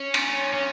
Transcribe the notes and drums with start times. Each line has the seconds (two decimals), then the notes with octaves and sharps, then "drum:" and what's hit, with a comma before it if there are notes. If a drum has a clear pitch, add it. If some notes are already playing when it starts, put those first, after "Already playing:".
Already playing: C#4
0.14 drum: cymbal
0.54 C#4